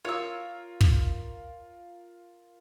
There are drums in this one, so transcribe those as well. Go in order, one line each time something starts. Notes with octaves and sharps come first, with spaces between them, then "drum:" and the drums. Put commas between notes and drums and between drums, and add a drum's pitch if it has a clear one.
F4 A#4 C#5 E6
drum: kick